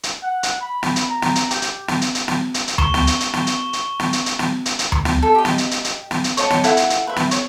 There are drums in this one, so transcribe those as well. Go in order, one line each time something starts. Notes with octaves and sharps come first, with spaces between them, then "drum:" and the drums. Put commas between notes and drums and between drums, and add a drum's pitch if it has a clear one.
drum: hi-hat
F#5
drum: hi-hat
B5
drum: snare
drum: hi-hat
A#5
drum: snare
drum: hi-hat
G4, drum: hi-hat
drum: hi-hat
drum: snare
drum: hi-hat
drum: hi-hat
drum: snare
drum: hi-hat
drum: hi-hat
C#6 E7 G7, drum: tom D2
drum: snare
drum: hi-hat
drum: hi-hat
drum: snare
drum: hi-hat
drum: hi-hat
drum: snare
drum: hi-hat
drum: hi-hat
drum: snare
drum: hi-hat
drum: hi-hat
drum: tom D2
drum: snare
A4
G4 D#5
drum: snare
drum: hi-hat
drum: hi-hat
drum: hi-hat
drum: snare
drum: hi-hat
C#5 D#5 A5, drum: hi-hat
drum: snare
E4 A4 F5 F#5, drum: hi-hat
drum: hi-hat
drum: hi-hat
B4 E5
drum: snare
C#5, drum: hi-hat